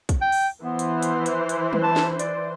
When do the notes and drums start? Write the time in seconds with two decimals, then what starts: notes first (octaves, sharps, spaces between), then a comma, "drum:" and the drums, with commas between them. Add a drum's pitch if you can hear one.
0.09 drum: kick, hi-hat
0.22 G5
0.32 drum: open hi-hat
0.63 E3 B3 C5
0.79 drum: hi-hat
1.03 drum: hi-hat
1.26 drum: hi-hat
1.49 drum: hi-hat
1.73 drum: tom F#3
1.83 A5
1.96 drum: snare
2.19 D5, drum: hi-hat